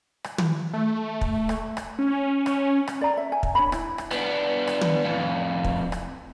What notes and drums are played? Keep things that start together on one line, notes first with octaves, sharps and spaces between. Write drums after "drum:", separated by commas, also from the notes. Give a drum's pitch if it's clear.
drum: rim click
drum: tom
A3
drum: kick
drum: rim click
drum: rim click
C#4
drum: rim click
drum: rim click
D5 A#5
E5
G#5
drum: kick
D4 C#5 B5
E4, drum: rim click
drum: rim click
B3 D4, drum: rim click
drum: rim click
drum: tom
F2 A2
drum: kick
drum: rim click